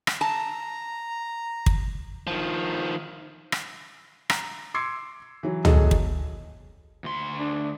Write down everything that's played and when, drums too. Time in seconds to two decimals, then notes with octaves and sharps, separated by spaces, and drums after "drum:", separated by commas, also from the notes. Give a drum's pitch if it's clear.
0.07 drum: rim click
0.21 A5 A#5
1.66 drum: kick
2.27 D#3 F3
3.52 drum: rim click
4.30 A#5, drum: rim click
4.74 C6 D6 E6 G#6 C7 C#7
5.43 E3 F#3
5.65 E3 F#3 B3 G#4 A4 D#5, drum: tom
5.91 drum: kick
7.04 D2 C6
7.38 D4